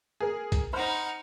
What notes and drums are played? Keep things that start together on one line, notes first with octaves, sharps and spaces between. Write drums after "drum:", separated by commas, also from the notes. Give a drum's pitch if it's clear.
G#4 A#4
drum: kick, hi-hat
D#4 C5 F#5 B5 F6